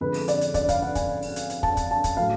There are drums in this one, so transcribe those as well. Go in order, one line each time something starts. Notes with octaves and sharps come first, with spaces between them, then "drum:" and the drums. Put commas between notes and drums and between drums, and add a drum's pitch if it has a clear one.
F2 D3 G#3 B4
drum: open hi-hat
D5, drum: hi-hat
drum: hi-hat
D5, drum: kick, hi-hat
F5, drum: kick, hi-hat
F#5
G#5, drum: kick, hi-hat
drum: open hi-hat
drum: hi-hat
drum: hi-hat
A5, drum: kick
drum: kick, hi-hat
A5
drum: kick, hi-hat
A2 F#3 A3 F5